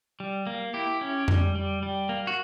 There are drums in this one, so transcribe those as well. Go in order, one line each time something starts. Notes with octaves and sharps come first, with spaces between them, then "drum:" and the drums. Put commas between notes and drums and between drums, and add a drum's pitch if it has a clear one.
G3
A#3
E4 G4
C#4
G3, drum: tom F2
G3
G3
A#3
F#4